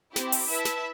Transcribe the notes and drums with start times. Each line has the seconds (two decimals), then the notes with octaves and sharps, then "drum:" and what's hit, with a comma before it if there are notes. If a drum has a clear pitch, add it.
0.16 C4 E4 G4, drum: snare
0.32 drum: open hi-hat
0.49 E4 B4 E5 A5
0.65 drum: snare